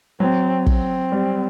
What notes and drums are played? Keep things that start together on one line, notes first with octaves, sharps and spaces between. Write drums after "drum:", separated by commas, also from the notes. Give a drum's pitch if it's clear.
F#3 C4
C4, drum: kick
G3